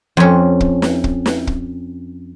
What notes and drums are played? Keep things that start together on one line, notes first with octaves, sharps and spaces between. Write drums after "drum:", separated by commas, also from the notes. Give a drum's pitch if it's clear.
F2 C#4
drum: kick
drum: snare
drum: kick
drum: snare
drum: kick